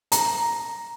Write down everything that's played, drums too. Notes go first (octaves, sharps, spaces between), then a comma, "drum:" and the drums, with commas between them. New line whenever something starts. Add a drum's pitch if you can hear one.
A#5, drum: hi-hat